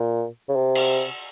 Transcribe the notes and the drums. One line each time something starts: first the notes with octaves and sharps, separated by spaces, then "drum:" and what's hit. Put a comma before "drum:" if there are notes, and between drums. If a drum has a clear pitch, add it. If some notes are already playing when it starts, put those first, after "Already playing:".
Already playing: A#2
C#3
C3
drum: cymbal